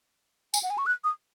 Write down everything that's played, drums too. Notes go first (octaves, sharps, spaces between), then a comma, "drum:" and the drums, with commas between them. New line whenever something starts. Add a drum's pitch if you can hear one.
G#5, drum: tambourine
F#5
G#5
C#6
F#6
D#6